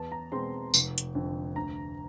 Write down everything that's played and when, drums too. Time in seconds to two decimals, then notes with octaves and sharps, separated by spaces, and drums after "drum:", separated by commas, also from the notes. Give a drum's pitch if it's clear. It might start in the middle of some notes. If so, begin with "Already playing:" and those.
Already playing: E2 A5
0.12 A#5
0.32 B2 G#3 C4 C6
0.74 F1, drum: tambourine
0.98 drum: hi-hat
1.15 F2 D3
1.56 D2 A#5